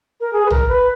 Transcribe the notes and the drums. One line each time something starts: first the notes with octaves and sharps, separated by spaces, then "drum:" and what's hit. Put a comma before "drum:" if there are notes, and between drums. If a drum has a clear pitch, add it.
A#4
G#4
B4
A#4, drum: tom
B4